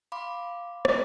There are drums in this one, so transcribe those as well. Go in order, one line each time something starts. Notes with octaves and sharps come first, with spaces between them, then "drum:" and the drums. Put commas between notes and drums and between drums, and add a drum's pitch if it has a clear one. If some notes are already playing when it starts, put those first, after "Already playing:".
F5 B5 C6 D6
drum: rim click